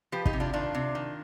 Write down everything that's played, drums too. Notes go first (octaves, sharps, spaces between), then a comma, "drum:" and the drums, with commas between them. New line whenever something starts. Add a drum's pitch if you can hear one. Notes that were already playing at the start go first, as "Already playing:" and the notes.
F3 G4 B4
D#4 G4, drum: kick
C3
D4 F4
D#3 D4 F4
C3
D#3